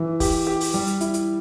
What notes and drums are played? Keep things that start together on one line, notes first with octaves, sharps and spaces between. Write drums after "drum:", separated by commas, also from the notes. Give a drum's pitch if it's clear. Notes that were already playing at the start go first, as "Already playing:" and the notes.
Already playing: E3
G4, drum: kick, open hi-hat
G4
drum: open hi-hat
G3, drum: hi-hat
drum: hi-hat
E4, drum: hi-hat
drum: hi-hat